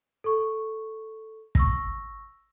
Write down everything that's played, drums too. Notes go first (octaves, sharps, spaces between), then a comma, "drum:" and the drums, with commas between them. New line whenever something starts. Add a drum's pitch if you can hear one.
A4 C#6
C#6 E6 A#6, drum: kick